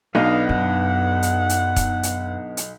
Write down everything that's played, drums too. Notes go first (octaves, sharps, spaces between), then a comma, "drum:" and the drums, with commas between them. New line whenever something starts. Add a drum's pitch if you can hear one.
B1 B3 D4 D#4 D#5 F5
F#2 F#5
drum: hi-hat
drum: hi-hat
drum: kick E1, hi-hat
drum: hi-hat
drum: hi-hat